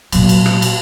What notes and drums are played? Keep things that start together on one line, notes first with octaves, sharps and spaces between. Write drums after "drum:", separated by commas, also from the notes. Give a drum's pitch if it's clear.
A#2 F#3, drum: cymbal
drum: cymbal
drum: rim click
drum: cymbal